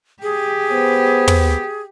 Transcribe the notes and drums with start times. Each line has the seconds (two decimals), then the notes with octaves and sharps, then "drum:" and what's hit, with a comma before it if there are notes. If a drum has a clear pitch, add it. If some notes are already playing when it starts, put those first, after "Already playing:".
0.23 G4 G#4
0.70 B3 C5
1.28 drum: tom